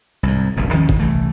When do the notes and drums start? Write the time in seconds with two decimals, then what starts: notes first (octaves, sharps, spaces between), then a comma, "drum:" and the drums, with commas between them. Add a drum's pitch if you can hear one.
0.23 C2 G#2
0.57 F1 A#1 F#2
0.73 E2 D#3 F3 C#4
0.89 drum: kick
0.99 C2 E3 A3